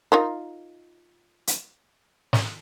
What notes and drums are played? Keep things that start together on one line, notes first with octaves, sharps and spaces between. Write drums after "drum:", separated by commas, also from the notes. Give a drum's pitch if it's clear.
D#4 F4 A#4
drum: hi-hat
drum: snare